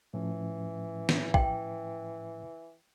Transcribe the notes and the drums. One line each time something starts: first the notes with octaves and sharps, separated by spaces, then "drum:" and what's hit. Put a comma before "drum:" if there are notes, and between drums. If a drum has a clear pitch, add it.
A2 E3 F3 C#4
drum: snare
G5, drum: kick